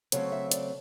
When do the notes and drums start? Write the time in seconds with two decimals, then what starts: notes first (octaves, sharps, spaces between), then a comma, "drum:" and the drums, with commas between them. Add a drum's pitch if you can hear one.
0.12 C#3 F#3 A3 C4 C#5, drum: hi-hat
0.32 E5
0.52 D5, drum: hi-hat